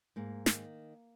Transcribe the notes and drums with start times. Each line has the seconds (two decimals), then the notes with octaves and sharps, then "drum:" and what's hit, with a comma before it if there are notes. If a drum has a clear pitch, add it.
0.16 G#2 A#3
0.46 D#3, drum: snare